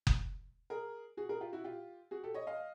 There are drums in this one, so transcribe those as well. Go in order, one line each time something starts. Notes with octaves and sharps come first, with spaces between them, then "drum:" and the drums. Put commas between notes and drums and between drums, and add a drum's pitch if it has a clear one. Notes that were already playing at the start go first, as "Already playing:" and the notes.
drum: kick F#1
G#4 A#4
F#4 G#4
G#4 A#4
F4 G4
E4 F#4
F4 G4
F#4 G#4
G4 A4
C#5 D#5
D#5 F5